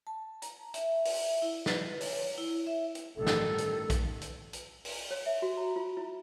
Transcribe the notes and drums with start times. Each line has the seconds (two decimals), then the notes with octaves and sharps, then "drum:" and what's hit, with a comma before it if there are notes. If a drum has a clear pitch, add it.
0.07 A5
0.42 A#5, drum: hi-hat
0.74 E5, drum: hi-hat
1.05 drum: open hi-hat
1.42 E4
1.66 B4, drum: snare
2.01 C#5, drum: open hi-hat
2.38 E4
2.67 E5
2.95 drum: hi-hat
3.17 A1 G2 D#3 A4
3.27 drum: snare
3.58 drum: hi-hat
3.90 drum: kick, hi-hat
4.21 drum: hi-hat
4.53 drum: hi-hat
4.85 drum: open hi-hat
5.11 C#5
5.26 E5
5.42 F#4
5.57 A#5
5.76 F4
5.97 E4